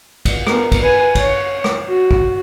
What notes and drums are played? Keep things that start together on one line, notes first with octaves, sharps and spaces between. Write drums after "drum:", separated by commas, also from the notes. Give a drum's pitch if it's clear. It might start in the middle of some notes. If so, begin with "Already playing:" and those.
drum: kick, cymbal
B3 A#4, drum: rim click
drum: kick, cymbal
B4 G#5
C#5, drum: kick, cymbal
drum: rim click
F#4
drum: kick